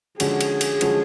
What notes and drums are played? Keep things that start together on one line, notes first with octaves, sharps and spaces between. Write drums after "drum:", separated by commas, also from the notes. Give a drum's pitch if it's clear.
D3 F3 G#3 C#4 F#4 G#4, drum: cymbal
drum: cymbal
drum: cymbal
D3 F3 G#3 C#4 F#4, drum: cymbal